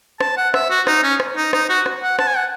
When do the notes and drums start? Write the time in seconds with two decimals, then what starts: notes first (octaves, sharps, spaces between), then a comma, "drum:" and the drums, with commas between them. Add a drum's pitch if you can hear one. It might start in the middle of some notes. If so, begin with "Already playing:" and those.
0.21 A5, drum: rim click
0.37 F#5
0.54 E5, drum: rim click
0.70 F#4
0.87 D#4, drum: rim click
1.03 C#4
1.20 drum: rim click
1.37 D#4
1.53 D#4, drum: rim click
1.69 F#4
1.86 drum: rim click
2.03 F#5
2.19 A5, drum: rim click
2.27 G#5
2.36 F#5